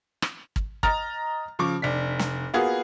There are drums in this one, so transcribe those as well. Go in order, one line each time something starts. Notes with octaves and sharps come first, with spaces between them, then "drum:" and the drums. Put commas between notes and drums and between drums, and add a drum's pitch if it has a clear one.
drum: rim click
drum: kick
D#5 A#5 F6 A6, drum: kick
C#3 F3 C#6 D6
F1 D4 B6
drum: snare
A#3 B3 F4 F#4 G#4